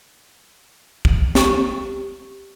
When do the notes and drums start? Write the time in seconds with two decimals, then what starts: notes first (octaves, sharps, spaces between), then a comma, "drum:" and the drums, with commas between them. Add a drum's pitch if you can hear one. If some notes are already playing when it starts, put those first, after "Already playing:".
1.05 drum: kick
1.35 G4 C#6, drum: snare